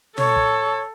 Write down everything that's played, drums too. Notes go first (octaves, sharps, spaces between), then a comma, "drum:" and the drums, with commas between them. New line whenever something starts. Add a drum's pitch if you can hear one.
A4 C#5, drum: tom
drum: kick